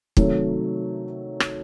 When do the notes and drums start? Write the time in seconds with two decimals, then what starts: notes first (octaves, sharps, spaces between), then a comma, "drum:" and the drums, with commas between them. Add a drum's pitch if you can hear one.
0.17 C3 D#3 F#3 A3, drum: kick
1.40 drum: rim click